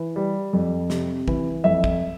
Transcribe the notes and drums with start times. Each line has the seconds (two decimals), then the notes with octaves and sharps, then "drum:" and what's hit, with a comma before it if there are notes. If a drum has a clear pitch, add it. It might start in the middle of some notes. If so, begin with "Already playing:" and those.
Already playing: E3
0.16 G3
0.53 F2
0.90 C3, drum: snare
1.28 E3, drum: kick
1.64 F2 E5
1.84 drum: kick